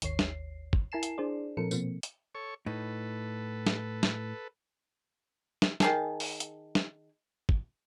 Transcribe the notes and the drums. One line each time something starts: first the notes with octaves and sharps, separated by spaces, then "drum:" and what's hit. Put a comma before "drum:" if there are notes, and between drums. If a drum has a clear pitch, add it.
G#1 D#2 C#5 C7, drum: hi-hat
drum: snare
drum: kick
E4 A#4 G#5 A5 C7 E7
drum: hi-hat
D4 G#4 C5 D5
A#2 F3 C4 A4 A#4 C#7
B2 F3 A#3 C4, drum: tambourine
drum: hi-hat
A4 C#5 C#6
A2 D#4 A4 B4
drum: snare
drum: snare
drum: snare
D#3 G#4 A5, drum: snare
drum: open hi-hat
drum: hi-hat
drum: snare
drum: kick